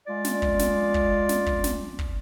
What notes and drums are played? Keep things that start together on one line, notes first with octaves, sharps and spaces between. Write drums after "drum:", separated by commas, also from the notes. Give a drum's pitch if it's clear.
G#3 F4 D5
drum: snare
drum: kick
drum: snare
drum: kick
drum: snare
drum: kick
drum: snare
drum: kick